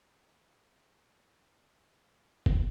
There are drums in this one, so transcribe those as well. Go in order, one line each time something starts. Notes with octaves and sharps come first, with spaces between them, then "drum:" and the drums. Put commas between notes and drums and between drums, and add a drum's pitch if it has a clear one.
D#2 A#2 F3 C4
drum: kick